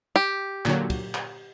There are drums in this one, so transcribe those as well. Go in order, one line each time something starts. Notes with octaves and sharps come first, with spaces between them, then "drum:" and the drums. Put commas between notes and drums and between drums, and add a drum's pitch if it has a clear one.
G4
A#2 D3 F#3, drum: clap
drum: kick, cymbal
drum: clap